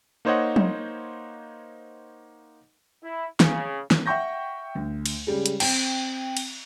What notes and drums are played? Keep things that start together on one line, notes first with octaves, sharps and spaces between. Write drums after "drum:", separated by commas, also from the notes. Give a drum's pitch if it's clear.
A#3 D#4 C5 C#5 D#5 F#5
drum: tom F3
E4
C#3, drum: snare
drum: snare
E5 F#5 G5 C#6 G6 A#6
D2
drum: cymbal
C#3 G3 G#3
drum: hi-hat
C4 G5, drum: cymbal
drum: cymbal